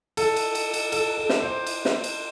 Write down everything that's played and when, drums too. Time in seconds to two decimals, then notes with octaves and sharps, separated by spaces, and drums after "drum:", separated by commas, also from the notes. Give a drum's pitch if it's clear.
0.17 A4, drum: cymbal
0.36 drum: cymbal
0.55 drum: cymbal
0.74 drum: cymbal
0.92 A4, drum: cymbal
1.18 A4
1.29 drum: snare
1.42 C5
1.67 drum: cymbal
1.85 drum: snare
2.04 drum: cymbal